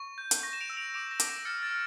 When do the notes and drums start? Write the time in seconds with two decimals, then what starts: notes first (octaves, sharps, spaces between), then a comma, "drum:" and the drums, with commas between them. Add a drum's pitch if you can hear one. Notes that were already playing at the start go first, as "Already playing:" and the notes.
Already playing: C#6
0.18 G6
0.31 drum: hi-hat
0.43 C#6 A#6
0.53 E7
0.61 D7 F7
0.70 E6
0.77 D7 F7
0.94 D6 D7 F7
1.11 A#6
1.20 D6, drum: hi-hat
1.29 A#6 D7
1.45 F6 A6 C#7
1.62 A6 C#7
1.71 F6